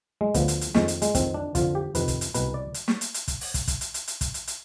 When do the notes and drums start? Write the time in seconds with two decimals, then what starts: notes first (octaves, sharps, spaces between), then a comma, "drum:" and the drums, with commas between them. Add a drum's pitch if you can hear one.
0.21 G#3
0.34 D2 D3 F3 B3, drum: kick, hi-hat
0.48 drum: hi-hat
0.61 drum: hi-hat
0.74 F2 D#3 G#3, drum: snare
0.88 drum: hi-hat
1.02 G#3, drum: hi-hat
1.15 F2 D#3 C4, drum: kick, hi-hat
1.34 D4
1.55 F2 D3 F3 F4, drum: kick, hi-hat
1.75 G4
1.95 F2 C3 D#3 B4, drum: hi-hat
2.08 drum: kick, hi-hat
2.21 drum: hi-hat
2.34 C2 B2 B4, drum: hi-hat
2.54 D5
2.74 drum: hi-hat
2.88 drum: snare
3.01 drum: hi-hat
3.14 drum: hi-hat
3.28 drum: kick, hi-hat
3.41 drum: open hi-hat
3.54 drum: kick, hi-hat
3.68 drum: kick, hi-hat
3.81 drum: hi-hat
3.94 drum: hi-hat
4.08 drum: hi-hat
4.21 drum: kick, hi-hat
4.34 drum: hi-hat
4.47 drum: hi-hat